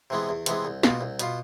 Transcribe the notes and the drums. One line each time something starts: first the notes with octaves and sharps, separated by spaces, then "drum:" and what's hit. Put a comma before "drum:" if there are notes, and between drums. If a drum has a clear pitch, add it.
C3 E3 G#3 B3
E2
C3 E3 G#3 B3, drum: hi-hat
C2
B2 B3 F4, drum: snare
C2
B2 B3 F4, drum: hi-hat